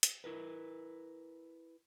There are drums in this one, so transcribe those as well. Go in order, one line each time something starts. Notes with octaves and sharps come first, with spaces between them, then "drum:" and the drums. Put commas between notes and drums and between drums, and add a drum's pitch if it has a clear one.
drum: hi-hat
E4 A#4 B4